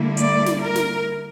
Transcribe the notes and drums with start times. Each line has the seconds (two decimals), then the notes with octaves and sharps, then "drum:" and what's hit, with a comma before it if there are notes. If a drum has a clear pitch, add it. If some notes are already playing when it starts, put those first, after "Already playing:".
Already playing: D3 G3 A#3 E4
0.17 D5, drum: hi-hat
0.46 drum: snare
0.60 A#4
0.76 drum: snare